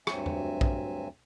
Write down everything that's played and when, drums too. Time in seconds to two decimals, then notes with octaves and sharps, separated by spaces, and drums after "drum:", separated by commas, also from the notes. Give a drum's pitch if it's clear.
0.07 D2 G2 F#3 C4 E5 G#5, drum: rim click
0.26 drum: tom E2
0.61 drum: kick A#1